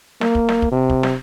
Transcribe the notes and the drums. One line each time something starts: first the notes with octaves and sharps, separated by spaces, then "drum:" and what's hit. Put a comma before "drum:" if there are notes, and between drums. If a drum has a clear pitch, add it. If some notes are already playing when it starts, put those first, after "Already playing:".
A#3, drum: snare
drum: kick
drum: snare
drum: kick
C3
drum: kick
drum: snare